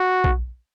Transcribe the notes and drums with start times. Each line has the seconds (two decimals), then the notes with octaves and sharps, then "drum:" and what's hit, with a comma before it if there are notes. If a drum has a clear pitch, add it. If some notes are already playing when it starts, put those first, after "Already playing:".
Already playing: F#4
0.24 drum: kick